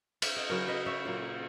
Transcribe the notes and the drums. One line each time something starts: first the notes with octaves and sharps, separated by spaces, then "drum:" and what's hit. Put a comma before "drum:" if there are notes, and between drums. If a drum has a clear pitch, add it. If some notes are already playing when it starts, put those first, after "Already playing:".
E5, drum: cymbal
D#5
C#3 F#3 C#4 E4 A#4 C#5
B4 D#5
C#5 E5
A#2 F#3 A#3